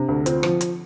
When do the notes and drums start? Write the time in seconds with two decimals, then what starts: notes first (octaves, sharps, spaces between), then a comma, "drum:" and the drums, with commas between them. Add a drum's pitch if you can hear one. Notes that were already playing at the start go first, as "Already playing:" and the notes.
Already playing: C3 D4
0.09 D2
0.26 C4 F4, drum: hi-hat
0.43 F3, drum: rim click
0.61 drum: hi-hat